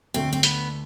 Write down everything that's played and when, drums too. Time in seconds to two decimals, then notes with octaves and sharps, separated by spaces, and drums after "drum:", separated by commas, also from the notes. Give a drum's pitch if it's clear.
0.14 D2 D3 A3 C4
0.33 C4
0.43 B3, drum: hi-hat